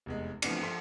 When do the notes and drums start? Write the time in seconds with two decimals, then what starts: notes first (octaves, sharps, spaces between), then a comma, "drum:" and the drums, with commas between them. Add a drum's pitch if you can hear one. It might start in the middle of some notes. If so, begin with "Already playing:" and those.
0.06 F1 E2 G#3
0.42 E3 F3 A3 B3 C4 D4, drum: cymbal
0.62 F3 A4 C6 B6